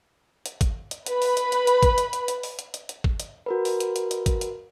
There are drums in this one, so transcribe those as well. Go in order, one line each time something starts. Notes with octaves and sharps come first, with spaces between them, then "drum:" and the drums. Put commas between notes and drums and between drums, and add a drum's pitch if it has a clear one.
drum: hi-hat
drum: kick G#1, hi-hat
drum: hi-hat
B4 B5, drum: hi-hat
drum: open hi-hat
drum: hi-hat
drum: hi-hat
drum: hi-hat
drum: kick G#1, hi-hat
drum: hi-hat
drum: hi-hat
drum: hi-hat
drum: open hi-hat
drum: hi-hat
drum: hi-hat
drum: hi-hat
drum: kick G#1
drum: hi-hat
F#4 A#4 B4
drum: open hi-hat
drum: hi-hat
drum: hi-hat
drum: hi-hat
drum: kick G#1, hi-hat
drum: hi-hat